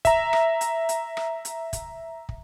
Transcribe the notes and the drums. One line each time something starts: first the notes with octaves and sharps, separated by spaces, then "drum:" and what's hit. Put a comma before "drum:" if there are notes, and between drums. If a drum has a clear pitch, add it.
E5 A#5, drum: kick, hi-hat
drum: rim click
drum: hi-hat
drum: hi-hat
drum: rim click
drum: hi-hat
drum: kick, hi-hat
drum: kick